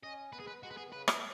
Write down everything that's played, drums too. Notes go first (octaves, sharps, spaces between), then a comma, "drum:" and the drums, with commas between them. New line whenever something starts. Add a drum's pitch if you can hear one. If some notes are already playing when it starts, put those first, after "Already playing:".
C#4 D#5
B3 B4
G#4
G#3
B4
B3
G#3 F#4
B4
B3 G#4
D#3
C#3 B4
B2, drum: rim click